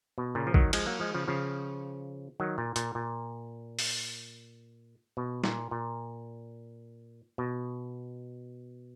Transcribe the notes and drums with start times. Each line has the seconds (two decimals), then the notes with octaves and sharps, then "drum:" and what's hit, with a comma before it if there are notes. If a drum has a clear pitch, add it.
0.18 B2
0.35 A#2 C#3
0.47 F3
0.54 D#3 F#3, drum: kick A1
0.73 F3 G#3, drum: cymbal
0.86 F#3 A#3
1.00 F3 G#3
1.15 C#3 F3
1.28 C#3 F3
2.40 D#3 F#3
2.58 A#2
2.76 A#2, drum: hi-hat
2.95 A#2
3.79 drum: open hi-hat
5.17 B2
5.44 A#2, drum: snare
5.71 A#2
7.38 B2